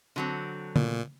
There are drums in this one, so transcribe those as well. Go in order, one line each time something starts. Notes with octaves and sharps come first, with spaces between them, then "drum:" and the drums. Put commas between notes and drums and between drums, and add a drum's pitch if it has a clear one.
D3 F#3 C4
A#2, drum: tom